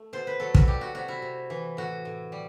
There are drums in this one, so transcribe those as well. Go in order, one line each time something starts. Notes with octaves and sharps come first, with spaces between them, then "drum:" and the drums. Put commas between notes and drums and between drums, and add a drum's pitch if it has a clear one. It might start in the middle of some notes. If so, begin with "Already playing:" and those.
Already playing: A3
B2 C5
B4
F#3 A4
F#4, drum: kick
G3 G4
F#4
C3 F#4
E4
C3
E3
A2 F#4
A2
G3